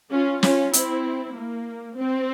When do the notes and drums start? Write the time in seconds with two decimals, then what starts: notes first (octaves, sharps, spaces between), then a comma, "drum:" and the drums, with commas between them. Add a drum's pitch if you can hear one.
0.12 C#4 F4
0.43 C#4 F4, drum: snare
0.73 C4 E4, drum: hi-hat
1.35 A#3
1.97 C4